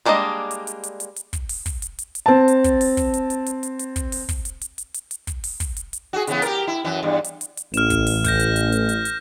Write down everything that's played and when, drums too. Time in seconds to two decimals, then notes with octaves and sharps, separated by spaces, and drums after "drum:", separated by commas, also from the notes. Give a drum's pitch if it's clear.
0.05 G3 G#3 A#3 D4 D#5
0.51 drum: hi-hat
0.67 drum: hi-hat
0.83 drum: hi-hat
1.00 drum: hi-hat
1.16 drum: hi-hat
1.33 drum: kick, hi-hat
1.49 drum: open hi-hat
1.66 drum: kick, hi-hat
1.82 drum: hi-hat
1.99 drum: hi-hat
2.15 drum: hi-hat
2.26 C4 A5
2.48 drum: hi-hat
2.64 drum: kick, hi-hat
2.81 drum: open hi-hat
2.97 drum: kick, hi-hat
3.14 drum: hi-hat
3.30 drum: hi-hat
3.46 drum: hi-hat
3.63 drum: hi-hat
3.79 drum: hi-hat
3.96 drum: kick, hi-hat
4.12 drum: open hi-hat
4.29 drum: kick, hi-hat
4.45 drum: hi-hat
4.61 drum: hi-hat
4.78 drum: hi-hat
4.94 drum: hi-hat
5.11 drum: hi-hat
5.27 drum: kick, hi-hat
5.44 drum: open hi-hat
5.60 drum: kick, hi-hat
5.76 drum: hi-hat
5.93 drum: hi-hat
6.13 F#4 G#4
6.27 C#3 E3 B3, drum: hi-hat
6.42 G4 A#4, drum: hi-hat
6.67 E4
6.84 F#2 E3
7.03 E2 G2
7.24 drum: hi-hat
7.41 drum: hi-hat
7.57 drum: hi-hat
7.74 A1 F6 E7, drum: hi-hat
7.90 drum: kick, hi-hat
8.07 drum: open hi-hat
8.24 F6 G6 A#6, drum: kick, hi-hat
8.39 drum: hi-hat
8.56 drum: hi-hat
8.72 drum: hi-hat
8.89 drum: hi-hat
9.05 drum: hi-hat